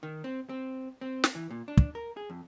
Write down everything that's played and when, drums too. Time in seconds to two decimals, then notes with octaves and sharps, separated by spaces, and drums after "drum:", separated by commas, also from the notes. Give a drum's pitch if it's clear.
0.03 D#3
0.24 C4
0.49 C4
1.01 C4
1.24 drum: snare
1.35 E3
1.51 A#2
1.68 D4
1.77 drum: kick
1.95 A#4
2.17 G#4
2.30 F2